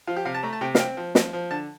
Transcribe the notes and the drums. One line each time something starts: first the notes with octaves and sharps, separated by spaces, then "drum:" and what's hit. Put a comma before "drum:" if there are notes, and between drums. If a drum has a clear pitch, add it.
F3 F4
G4
C3 F5
A5
A3 A#5
A5
C3 G5
F5, drum: snare
C4 G5
F3
F3, drum: snare
F3
D3 A5